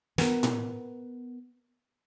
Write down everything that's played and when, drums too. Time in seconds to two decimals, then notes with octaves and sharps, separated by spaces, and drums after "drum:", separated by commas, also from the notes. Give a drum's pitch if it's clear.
0.18 B3 A#4, drum: snare
0.43 drum: tom A2